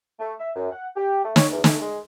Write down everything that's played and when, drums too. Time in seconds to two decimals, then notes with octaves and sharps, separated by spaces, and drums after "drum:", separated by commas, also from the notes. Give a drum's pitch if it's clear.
0.20 A3
0.40 E5
0.55 F#2
0.72 F#5
0.96 G4
1.24 A3
1.36 C#5, drum: snare
1.52 E2
1.64 A3, drum: snare
1.80 G#3